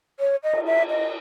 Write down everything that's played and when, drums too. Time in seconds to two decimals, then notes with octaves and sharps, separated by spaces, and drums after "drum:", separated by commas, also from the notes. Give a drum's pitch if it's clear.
0.20 C#5
0.43 D#5
0.53 drum: cymbal
0.66 E5
0.90 D#5